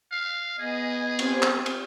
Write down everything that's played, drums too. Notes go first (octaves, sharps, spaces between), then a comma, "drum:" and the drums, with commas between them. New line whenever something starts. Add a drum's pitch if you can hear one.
F5
B3 G#4 D#5 G#5
C4 G4 C5 G#5, drum: cymbal
drum: clap
drum: cymbal